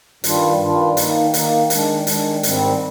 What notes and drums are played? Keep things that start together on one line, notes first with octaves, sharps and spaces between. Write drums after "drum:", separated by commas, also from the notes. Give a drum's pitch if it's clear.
G2 D#3 G3 D4 F4, drum: hi-hat
G2 D#3 G3 D4 F4
D#3 A#3 D#4, drum: hi-hat
D#3 A#3 D#4, drum: hi-hat
D#3 G#3 D4, drum: hi-hat
D#3 G#3 D4, drum: hi-hat
G#2 D#3 G3 C4, drum: hi-hat